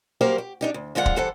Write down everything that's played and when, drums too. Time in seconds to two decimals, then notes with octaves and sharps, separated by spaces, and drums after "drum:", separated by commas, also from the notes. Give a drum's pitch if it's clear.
0.21 F#3 G3 A#3 G4 A#4 C5
0.38 G4
0.61 D4 D#4 G4
0.74 D2
0.95 F2 D3 G#3 F4 A4 F#5
1.06 drum: kick
1.16 E3 G3 A4 C5 F#5